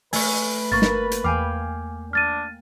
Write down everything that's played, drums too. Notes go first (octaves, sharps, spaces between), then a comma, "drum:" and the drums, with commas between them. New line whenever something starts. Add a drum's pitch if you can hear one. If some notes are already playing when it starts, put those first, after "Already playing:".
A3 B4 G#5 C#6, drum: open hi-hat
G1 A#3 C#6 A6
drum: snare
drum: hi-hat
E2 F5 G5 G#5 D6
D4 F6 A6 D#7